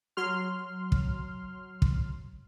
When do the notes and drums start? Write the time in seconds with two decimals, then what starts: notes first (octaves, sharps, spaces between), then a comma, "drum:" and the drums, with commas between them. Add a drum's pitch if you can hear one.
0.17 F#3 C6 F6
0.92 drum: kick
1.82 drum: kick